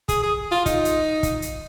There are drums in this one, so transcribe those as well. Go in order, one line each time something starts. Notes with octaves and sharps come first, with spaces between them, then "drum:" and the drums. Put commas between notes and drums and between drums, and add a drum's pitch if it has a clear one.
G#4, drum: kick, hi-hat
G#4
F4
D#4, drum: kick, hi-hat
drum: hi-hat
drum: kick, hi-hat
drum: hi-hat